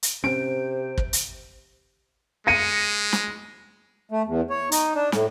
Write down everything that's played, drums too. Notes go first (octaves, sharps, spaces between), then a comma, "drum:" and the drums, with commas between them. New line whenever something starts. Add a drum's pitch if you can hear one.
drum: hi-hat
C3 C4 C#4 C5 D7
drum: kick
drum: hi-hat
G#3 A#6 C#7 D#7
drum: snare
A3
E2
C#5
D#4, drum: hi-hat
D4
A2, drum: snare